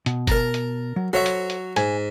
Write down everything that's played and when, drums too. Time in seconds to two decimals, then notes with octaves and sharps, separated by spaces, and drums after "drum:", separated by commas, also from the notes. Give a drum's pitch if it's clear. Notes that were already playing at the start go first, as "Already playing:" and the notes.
0.06 B2, drum: hi-hat
0.27 A#4 A5 A#5, drum: kick, hi-hat
0.54 drum: hi-hat
0.96 F#3
1.13 F#3 A4 C5 C#5 E5 F#5
1.26 drum: hi-hat
1.50 drum: hi-hat
1.76 G#2 G#5, drum: hi-hat